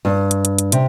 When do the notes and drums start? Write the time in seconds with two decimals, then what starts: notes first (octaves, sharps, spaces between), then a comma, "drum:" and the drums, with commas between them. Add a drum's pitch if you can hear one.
0.05 G2
0.31 drum: hi-hat
0.45 drum: hi-hat
0.58 drum: hi-hat
0.72 C3, drum: hi-hat